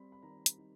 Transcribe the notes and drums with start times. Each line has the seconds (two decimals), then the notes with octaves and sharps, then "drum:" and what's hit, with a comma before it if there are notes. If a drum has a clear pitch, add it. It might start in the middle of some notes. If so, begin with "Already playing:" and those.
Already playing: G3 C4 B5
0.12 B5
0.23 D#3 A#5
0.46 drum: hi-hat
0.58 D#4